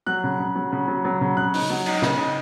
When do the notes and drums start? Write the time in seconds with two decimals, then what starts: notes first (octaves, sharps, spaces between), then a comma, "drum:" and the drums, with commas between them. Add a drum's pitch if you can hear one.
0.06 F#3 F#6
0.24 C#3
0.40 C#3
0.55 F#3
0.72 C#3
0.88 F#3
1.05 F#3
1.21 C#3
1.37 C#3 F#6
1.54 D#4, drum: open hi-hat
1.70 F#3
1.86 D#4, drum: cymbal
2.02 C#3, drum: snare
2.18 D#4